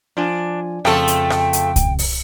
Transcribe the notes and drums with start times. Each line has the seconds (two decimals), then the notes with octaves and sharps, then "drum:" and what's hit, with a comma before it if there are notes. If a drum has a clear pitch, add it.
0.17 F3 D4 F4 G#5
0.85 F2 C#3 F3 A3 A4 G5, drum: rim click
1.08 drum: hi-hat
1.30 drum: rim click
1.53 drum: hi-hat
1.76 drum: kick C2, hi-hat
1.99 drum: open hi-hat